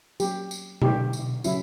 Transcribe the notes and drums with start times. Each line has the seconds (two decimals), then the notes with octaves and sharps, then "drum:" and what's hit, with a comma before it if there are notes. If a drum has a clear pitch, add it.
0.20 F#3 A#3 C#4 G4, drum: tambourine
0.51 drum: tambourine
0.82 D3 F#3 B3 G4, drum: tom B2
1.13 drum: tambourine
1.44 C#3 F#3 C#4 E4, drum: tambourine